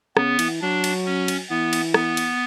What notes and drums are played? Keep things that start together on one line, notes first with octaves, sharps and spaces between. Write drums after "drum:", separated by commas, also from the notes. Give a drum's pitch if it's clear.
C#3 B3, drum: rim click
E3, drum: cymbal
F#3 D4
drum: cymbal
C#4
drum: cymbal
E3 B3
drum: cymbal
B3, drum: rim click
drum: cymbal